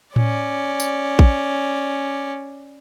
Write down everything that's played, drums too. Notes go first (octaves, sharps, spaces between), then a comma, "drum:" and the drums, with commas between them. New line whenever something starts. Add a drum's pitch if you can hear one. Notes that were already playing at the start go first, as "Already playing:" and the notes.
C#4 D5, drum: tom A2
drum: tambourine
drum: kick